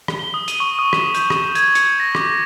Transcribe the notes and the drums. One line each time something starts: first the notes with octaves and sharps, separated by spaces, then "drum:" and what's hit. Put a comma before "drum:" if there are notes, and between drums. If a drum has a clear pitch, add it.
drum: rim click
G7
D#6
D#7, drum: hi-hat
C#6
D#6
E7, drum: rim click
G6, drum: hi-hat
D#6, drum: rim click
G#6, drum: hi-hat
C#7, drum: hi-hat
A#6
D6, drum: rim click